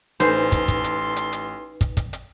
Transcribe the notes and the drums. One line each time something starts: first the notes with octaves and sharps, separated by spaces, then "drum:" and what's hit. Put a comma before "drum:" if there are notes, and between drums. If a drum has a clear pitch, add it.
A1 D#4 A4 B4 C5 G#5 C6, drum: hi-hat
drum: kick, hi-hat
drum: kick, hi-hat
drum: hi-hat
drum: hi-hat
drum: hi-hat
drum: kick, hi-hat
drum: kick, hi-hat
drum: hi-hat